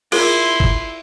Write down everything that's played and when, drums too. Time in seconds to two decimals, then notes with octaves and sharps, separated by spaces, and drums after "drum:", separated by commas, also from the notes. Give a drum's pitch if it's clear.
0.12 E4 F4 G#4 A#4 C6, drum: cymbal
0.60 drum: kick G#1